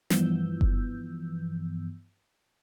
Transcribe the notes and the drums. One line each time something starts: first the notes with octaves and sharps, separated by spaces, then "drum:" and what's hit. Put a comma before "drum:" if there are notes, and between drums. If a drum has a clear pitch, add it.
G2 E3 F3 B3 E6 G6, drum: snare
drum: kick F#1